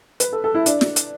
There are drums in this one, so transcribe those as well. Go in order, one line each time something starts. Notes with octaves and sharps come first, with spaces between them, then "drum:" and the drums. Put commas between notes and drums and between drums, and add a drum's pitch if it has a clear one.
B4, drum: hi-hat
A4
A4
E4
D4, drum: hi-hat
drum: snare
drum: hi-hat